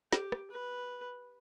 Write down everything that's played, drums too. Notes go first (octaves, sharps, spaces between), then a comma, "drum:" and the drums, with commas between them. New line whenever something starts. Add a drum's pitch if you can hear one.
G4, drum: snare
drum: rim click
B4